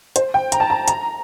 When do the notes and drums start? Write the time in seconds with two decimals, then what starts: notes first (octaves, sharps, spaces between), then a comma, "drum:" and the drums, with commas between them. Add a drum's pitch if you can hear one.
0.16 C5, drum: hi-hat
0.34 G5
0.52 A#5, drum: hi-hat
0.60 A5
0.70 A#5
0.88 A#5, drum: hi-hat